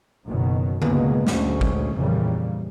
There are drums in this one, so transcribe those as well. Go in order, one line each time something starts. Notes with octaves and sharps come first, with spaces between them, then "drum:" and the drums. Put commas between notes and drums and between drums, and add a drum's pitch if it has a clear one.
F#1 B2 D#3 F#3
C#2 G2 B2 G#3 A#3 B3, drum: tom D3
D2 A#2 G#3 C#4, drum: snare
drum: kick G#1
F2 A#2 C#3 E3 G3 A#3